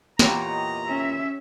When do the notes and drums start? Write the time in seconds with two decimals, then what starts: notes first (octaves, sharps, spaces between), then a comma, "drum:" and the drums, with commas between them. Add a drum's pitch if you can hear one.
0.19 E2 A#2 G4 C#5 A#5, drum: snare
0.49 D#5
0.88 C#4 E5